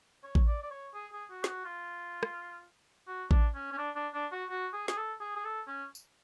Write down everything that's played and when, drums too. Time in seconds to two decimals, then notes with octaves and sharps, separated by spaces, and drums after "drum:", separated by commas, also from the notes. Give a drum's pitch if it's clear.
0.24 C#5
0.35 drum: kick A1
0.47 D5
0.63 D5
0.71 C#5
0.94 G#4
1.13 G#4
1.31 F#4
1.44 G#4, drum: snare
1.48 F#4
1.65 F4
2.23 drum: rim click
3.08 F#4
3.31 D4, drum: kick A1
3.55 C#4
3.73 C#4
3.78 D4
3.96 D4
4.14 D4
4.32 F#4
4.50 F#4
4.73 G#4
4.88 G#4, drum: snare
4.97 A4
5.21 G#4
5.36 G#4
5.45 A4
5.68 C#4
5.95 drum: tambourine